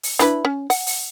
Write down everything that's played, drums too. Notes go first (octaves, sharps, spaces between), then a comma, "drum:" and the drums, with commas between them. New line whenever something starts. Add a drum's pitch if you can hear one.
drum: open hi-hat
D4 E4 B4, drum: hi-hat
C#4
F#5, drum: open hi-hat
drum: open hi-hat